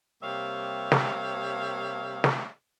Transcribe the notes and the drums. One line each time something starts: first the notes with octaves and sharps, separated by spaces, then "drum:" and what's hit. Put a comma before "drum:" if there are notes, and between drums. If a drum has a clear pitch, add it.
C3 G3 A#3 C#5 E5 F5
drum: snare
drum: snare